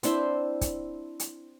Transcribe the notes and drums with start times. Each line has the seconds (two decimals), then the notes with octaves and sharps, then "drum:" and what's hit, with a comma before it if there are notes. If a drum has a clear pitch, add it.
0.03 C4 D4 E4 C5, drum: hi-hat
0.61 drum: kick, hi-hat
1.20 drum: hi-hat